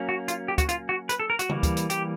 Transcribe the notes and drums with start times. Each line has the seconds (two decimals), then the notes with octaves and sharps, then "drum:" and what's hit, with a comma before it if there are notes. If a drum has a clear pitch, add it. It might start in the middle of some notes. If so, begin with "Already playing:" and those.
Already playing: F#3 A#3 C#4
0.09 F#4
0.28 F4, drum: hi-hat
0.48 G4
0.58 F#4, drum: kick, hi-hat
0.69 F4, drum: hi-hat
0.89 F#4
1.09 B4, drum: hi-hat
1.20 A4
1.30 A#4
1.39 F#4, drum: hi-hat
1.50 E3 G3 A#3, drum: tom C#3
1.63 drum: kick, hi-hat
1.77 drum: hi-hat
1.90 G4, drum: hi-hat